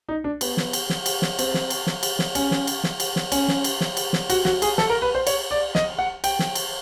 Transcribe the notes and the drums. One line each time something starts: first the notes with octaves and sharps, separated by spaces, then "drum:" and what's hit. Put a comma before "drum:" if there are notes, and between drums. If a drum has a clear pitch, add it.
D#4
D4
B3, drum: cymbal
drum: snare
drum: cymbal
drum: snare
drum: cymbal
drum: snare
C4, drum: cymbal
drum: snare
drum: cymbal
drum: snare
drum: cymbal
drum: snare
C#4, drum: cymbal
drum: snare
drum: cymbal
drum: snare
drum: cymbal
drum: snare
C#4, drum: cymbal
drum: snare
drum: cymbal
drum: snare
drum: cymbal
drum: snare
F#4, drum: cymbal
F#4, drum: snare
G#4, drum: cymbal
A4, drum: snare
A#4
B4
C5
C#5, drum: cymbal
D5
D#5, drum: snare
F#5
G5, drum: cymbal
drum: snare
drum: cymbal